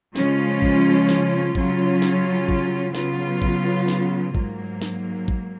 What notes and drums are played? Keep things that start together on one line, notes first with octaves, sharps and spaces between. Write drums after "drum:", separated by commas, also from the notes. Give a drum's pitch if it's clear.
C#3 F3 G#3 C#4 F4, drum: snare
drum: kick
drum: snare
C#3 F#3 C#4 F4, drum: kick
drum: snare
drum: kick
C#3 F#3 B3 F4, drum: snare
drum: kick
drum: snare
G#2 F#3 A#3, drum: kick
drum: snare
drum: kick